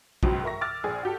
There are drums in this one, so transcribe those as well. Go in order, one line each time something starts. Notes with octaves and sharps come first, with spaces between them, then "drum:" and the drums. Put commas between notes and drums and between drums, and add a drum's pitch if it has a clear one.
C#2 F#2 B2 F3 F#3, drum: kick A#1
A#4 E5 C#6 A#6
D6 E6 F6 A6
A#1 G#4
F#4 G4 A4